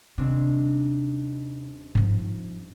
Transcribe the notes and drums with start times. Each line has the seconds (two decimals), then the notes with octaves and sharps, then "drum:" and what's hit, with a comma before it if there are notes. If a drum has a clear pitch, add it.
0.18 D#1 C3 C4 D4
1.95 F3 D#4, drum: tom G2